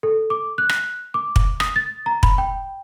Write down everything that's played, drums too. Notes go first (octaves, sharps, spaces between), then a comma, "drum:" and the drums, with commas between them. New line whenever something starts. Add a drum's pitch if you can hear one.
A4
D6
F#6
drum: rim click
D6
drum: kick
D#6, drum: rim click
A6
A#5
B5, drum: kick
G5